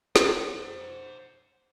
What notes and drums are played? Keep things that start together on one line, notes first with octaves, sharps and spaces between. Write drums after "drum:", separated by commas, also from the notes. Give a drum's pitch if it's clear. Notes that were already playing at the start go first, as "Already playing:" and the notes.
C5 F#5, drum: snare